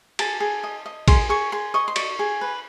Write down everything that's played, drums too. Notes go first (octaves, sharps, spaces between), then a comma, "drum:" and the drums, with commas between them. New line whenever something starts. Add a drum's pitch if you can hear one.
G#4 A5, drum: cymbal
G#4
D#5
D#5
G#4 C6, drum: kick A#1, cymbal
G#4 C#6
G#4 C6
D#5 C#6
C6
D5 C#6, drum: cymbal
G#4
B4